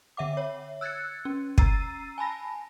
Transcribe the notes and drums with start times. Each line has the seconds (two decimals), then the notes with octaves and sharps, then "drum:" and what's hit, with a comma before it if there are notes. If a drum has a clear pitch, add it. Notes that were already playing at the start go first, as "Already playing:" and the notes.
0.17 D3 E5 F#5 D6
0.33 C#5 E5
0.81 E6 F#6 G#6 A6 C#7
1.25 C#4
1.58 A#5 E6 A6 C7 D#7, drum: kick
2.18 G#5 A5 B5 A#6